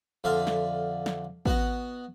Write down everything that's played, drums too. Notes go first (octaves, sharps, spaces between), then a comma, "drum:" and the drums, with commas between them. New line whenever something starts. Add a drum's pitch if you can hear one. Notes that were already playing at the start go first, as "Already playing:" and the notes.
F2 D3 E5 F5 C6
drum: snare
drum: snare
B3 F#4 D#5 F#5, drum: kick